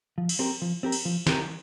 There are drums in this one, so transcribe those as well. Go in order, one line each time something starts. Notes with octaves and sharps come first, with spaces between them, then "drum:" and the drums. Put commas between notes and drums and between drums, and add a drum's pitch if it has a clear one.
F3
drum: cymbal
C4 G4 A#4
F3
C4 G4 A#4
drum: cymbal
F3
C4 G4 A#4, drum: snare